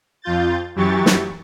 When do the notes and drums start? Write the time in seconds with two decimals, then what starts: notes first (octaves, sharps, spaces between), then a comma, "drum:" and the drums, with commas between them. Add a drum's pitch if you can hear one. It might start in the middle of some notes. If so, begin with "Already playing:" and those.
0.22 F2 F4 G6 A6
0.75 F#2 E3 F#3 G4 C#6 A6
1.06 drum: snare